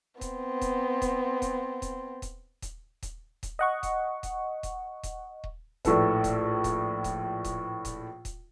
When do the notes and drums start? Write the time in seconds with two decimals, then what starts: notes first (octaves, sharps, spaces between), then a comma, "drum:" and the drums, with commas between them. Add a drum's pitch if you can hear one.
0.21 B3 C4, drum: kick D#1, hi-hat
0.61 drum: kick D#1, hi-hat
1.02 drum: kick D#1, hi-hat
1.42 drum: kick D#1, hi-hat
1.82 drum: kick D#1, hi-hat
2.22 drum: kick D#1, hi-hat
2.62 drum: kick D#1, hi-hat
3.02 drum: kick D#1, hi-hat
3.43 drum: kick D#1, hi-hat
3.59 D#5 F#5 C#6
3.83 drum: kick D#1, hi-hat
4.23 drum: kick D#1, hi-hat
4.63 drum: kick D#1, hi-hat
5.03 drum: kick D#1, hi-hat
5.44 drum: kick D#1
5.85 A#1 A2 A4 B4, drum: kick D#1, hi-hat
6.24 drum: kick D#1, hi-hat
6.64 drum: kick D#1, hi-hat
7.04 drum: kick D#1, hi-hat
7.44 drum: kick D#1, hi-hat
7.85 drum: kick D#1, hi-hat
8.25 drum: kick D#1, hi-hat